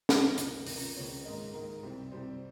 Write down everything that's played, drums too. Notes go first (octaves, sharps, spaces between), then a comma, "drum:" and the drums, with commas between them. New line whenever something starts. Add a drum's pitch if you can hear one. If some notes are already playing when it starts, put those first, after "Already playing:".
C#2 C3 D#3 A#3, drum: snare
C#2 C3 D#3 A#3, drum: hi-hat
C#2 C#3 F3 A#3, drum: open hi-hat
C#2 C#3 F3 A#3 C#5
G#2 D#3 A#3 D#5
G#2 D#3 A#3 A#4
C2 C3 G3 C4
C2 C3 G3 C4 C5